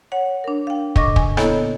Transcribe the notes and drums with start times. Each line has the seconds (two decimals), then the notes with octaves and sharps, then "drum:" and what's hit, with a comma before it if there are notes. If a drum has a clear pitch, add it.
0.12 C#5 F#5
0.44 D4 A#4
0.67 F5 G5
0.96 A2 C#3 D#5 C#6 D6 A#6, drum: kick
1.16 G#5, drum: kick
1.37 A#3 B3 E4 A4 C#5 D#5, drum: rim click